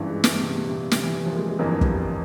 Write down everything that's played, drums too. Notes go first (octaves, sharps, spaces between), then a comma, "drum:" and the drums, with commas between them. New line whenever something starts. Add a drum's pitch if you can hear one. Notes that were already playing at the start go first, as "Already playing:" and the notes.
Already playing: G#1 G2 C#3 E3
G#3
G#3, drum: snare
C3
A#2
C3
C3, drum: snare
E3
E3
F3
A#3
G#3
G#3
G1 F2 E3 F3 A#3
F3
G3, drum: kick
G3